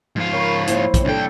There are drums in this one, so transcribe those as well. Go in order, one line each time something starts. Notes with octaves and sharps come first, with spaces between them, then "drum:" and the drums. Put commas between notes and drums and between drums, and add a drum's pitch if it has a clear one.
G#2 F3 F4
A#4 C#5 B5 C#6
A#3 E4 C5 C#5, drum: hi-hat
drum: kick A#1, hi-hat
C2 D4 A4 G5